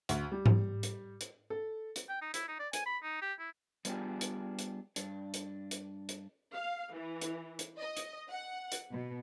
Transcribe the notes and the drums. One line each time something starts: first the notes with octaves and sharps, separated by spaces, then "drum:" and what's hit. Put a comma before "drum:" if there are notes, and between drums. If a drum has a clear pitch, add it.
D2, drum: hi-hat
G3
drum: tom G#2
drum: hi-hat
drum: hi-hat
A4
drum: hi-hat
G5
D#4
E4, drum: hi-hat
D#4
D5
G#5, drum: hi-hat
B5
D#4
G4
E4
G3 B3 D4 F4 G4 G#4, drum: hi-hat
drum: hi-hat
drum: hi-hat
G2 D4, drum: hi-hat
drum: hi-hat
drum: hi-hat
drum: hi-hat
F5
E3
drum: hi-hat
drum: hi-hat
D#5
drum: hi-hat
F#5
drum: hi-hat
B2